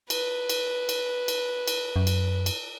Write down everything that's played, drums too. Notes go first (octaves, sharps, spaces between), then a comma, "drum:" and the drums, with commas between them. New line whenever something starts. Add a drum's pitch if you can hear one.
B4, drum: cymbal
drum: cymbal
drum: cymbal
drum: cymbal
drum: cymbal
F#2
drum: cymbal
drum: cymbal